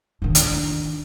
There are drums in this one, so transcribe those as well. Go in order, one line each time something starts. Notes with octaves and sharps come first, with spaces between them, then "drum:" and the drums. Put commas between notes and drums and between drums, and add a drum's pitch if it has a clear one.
D#3 D4
drum: hi-hat